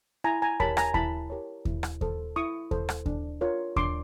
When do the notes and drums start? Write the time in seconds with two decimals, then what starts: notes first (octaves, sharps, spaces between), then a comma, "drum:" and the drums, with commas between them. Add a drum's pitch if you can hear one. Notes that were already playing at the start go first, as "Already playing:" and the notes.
0.24 E4 G#5 A#5
0.42 G#5 A#5
0.60 G4 A#4 C#5 A5 B5, drum: kick D#2
0.77 G#5 A#5, drum: rim click
0.94 E4 A5 B5, drum: kick D#2
1.30 G4 A#4 C#5
1.65 E4, drum: kick D#2
1.83 drum: rim click
2.01 A4 C5, drum: kick D#2
2.36 E4 C#6 D#6
2.71 A4 C5, drum: kick D#2
2.89 drum: rim click
3.06 D4, drum: kick D#2
3.41 F4 A#4 C#5
3.76 D4 C6 D6, drum: kick D#2